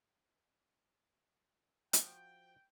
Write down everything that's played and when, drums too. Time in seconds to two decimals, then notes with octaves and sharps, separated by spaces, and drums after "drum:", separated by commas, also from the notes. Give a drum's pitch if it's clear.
1.93 F3 F#4 G5, drum: hi-hat